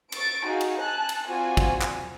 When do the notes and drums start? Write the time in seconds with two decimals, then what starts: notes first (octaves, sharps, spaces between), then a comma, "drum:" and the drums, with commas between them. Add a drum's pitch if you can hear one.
0.12 C#6 A6 D7, drum: cymbal
0.45 D#4 F#4 G#4 F5
0.61 drum: cymbal
0.80 G#5 A5 F#6
1.09 drum: cymbal
1.27 C4 F4 F#4 D5 G#5
1.57 drum: kick, cymbal
1.81 drum: clap